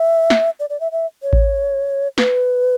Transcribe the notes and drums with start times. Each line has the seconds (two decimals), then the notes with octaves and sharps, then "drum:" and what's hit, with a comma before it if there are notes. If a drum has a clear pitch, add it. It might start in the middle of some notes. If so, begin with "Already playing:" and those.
Already playing: E5
0.30 drum: snare
0.60 D5
0.70 D5
0.80 E5
0.92 E5
1.23 C#5
1.33 drum: kick A1
2.18 B4, drum: snare